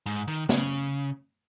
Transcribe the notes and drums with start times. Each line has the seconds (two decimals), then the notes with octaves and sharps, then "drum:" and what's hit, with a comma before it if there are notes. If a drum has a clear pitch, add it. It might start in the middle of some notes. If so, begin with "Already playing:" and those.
0.06 G#2
0.28 D#3
0.49 C#3, drum: snare